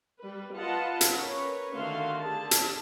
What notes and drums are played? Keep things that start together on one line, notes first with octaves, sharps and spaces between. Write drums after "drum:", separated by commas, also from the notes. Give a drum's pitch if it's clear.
G3 B4
F4 B4 D#5 F#5 A5
drum: hi-hat
C#4 A#4 B4 C#5
D3 D#3 A3 F#4 F5 C6
D3 G4 G#4 A5
drum: hi-hat